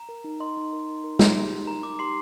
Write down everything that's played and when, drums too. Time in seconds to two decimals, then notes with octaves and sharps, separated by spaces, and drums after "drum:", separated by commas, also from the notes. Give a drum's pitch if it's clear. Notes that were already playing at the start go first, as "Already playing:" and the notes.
Already playing: A#5
0.09 A#4
0.24 D#4
0.40 D#5 C6
0.57 D#4
0.73 A#4
0.89 D#4
1.04 A#4
1.19 D#4, drum: snare
1.36 G4
1.52 D#4
1.67 A#4 A#5
1.83 D#4 D6
1.99 G4 C6 C7